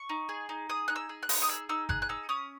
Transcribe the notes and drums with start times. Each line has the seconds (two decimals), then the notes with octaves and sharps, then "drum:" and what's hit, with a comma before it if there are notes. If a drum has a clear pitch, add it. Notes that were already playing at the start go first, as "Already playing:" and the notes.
Already playing: C#6
0.09 D#4
0.29 G#4
0.49 D#4
0.69 G#4 D#6
0.88 D#4 F#6
0.96 E6
1.09 G#4
1.23 F#6
1.29 D#4, drum: open hi-hat
1.42 D#6
1.49 G#4 E6
1.69 D#4 E6
1.89 G#4 F#6, drum: kick G1
2.02 F#6
2.09 D#4 E6
2.29 C#4 D#6